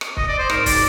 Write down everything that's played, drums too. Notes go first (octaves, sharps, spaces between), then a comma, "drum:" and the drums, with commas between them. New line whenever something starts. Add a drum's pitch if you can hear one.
drum: rim click
D#5, drum: kick C#1
D5
C5
G#2 A#4, drum: rim click
D5, drum: kick C#1, open hi-hat